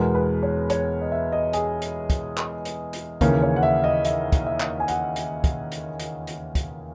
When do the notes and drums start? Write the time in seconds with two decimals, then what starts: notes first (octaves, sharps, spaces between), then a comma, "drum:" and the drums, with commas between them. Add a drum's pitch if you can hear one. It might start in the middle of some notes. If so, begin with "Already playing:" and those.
Already playing: E2 B2 G#3 B3 A#4
0.15 B4
0.43 C#5
0.70 C#5, drum: hi-hat
1.02 D#5
1.12 E5
1.32 D#5
1.53 G#4, drum: hi-hat
1.82 drum: hi-hat
2.10 drum: kick, hi-hat
2.38 drum: clap
2.65 drum: hi-hat
2.93 drum: hi-hat
3.21 D#2 C#3 E3 A#3 C#4 A#4, drum: kick, hi-hat
3.42 C#5
3.56 F#5
3.63 E5
3.84 D#5
4.05 E5, drum: hi-hat
4.32 drum: kick, hi-hat
4.46 E5
4.60 drum: clap
4.80 G#5
4.88 F#5, drum: hi-hat
5.16 drum: hi-hat
5.44 drum: kick, hi-hat
5.72 drum: hi-hat
6.00 drum: hi-hat
6.27 drum: hi-hat
6.55 drum: kick, hi-hat